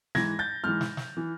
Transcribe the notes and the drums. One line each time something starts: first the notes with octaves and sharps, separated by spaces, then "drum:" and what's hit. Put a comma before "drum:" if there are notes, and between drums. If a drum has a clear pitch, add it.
G#2 E3 G#6 A#6, drum: snare
G6 A6
G#2 E3 F6 G6
drum: snare
drum: snare
E3